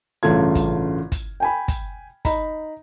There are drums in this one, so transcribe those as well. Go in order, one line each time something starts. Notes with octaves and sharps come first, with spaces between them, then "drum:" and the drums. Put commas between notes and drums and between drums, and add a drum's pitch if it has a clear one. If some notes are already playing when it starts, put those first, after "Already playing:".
A1 G2 C#3 A3 F4 G#6
drum: kick, hi-hat
drum: kick, hi-hat
G5 G#5 B5
drum: kick, hi-hat
D#4 A#5 B5, drum: kick, hi-hat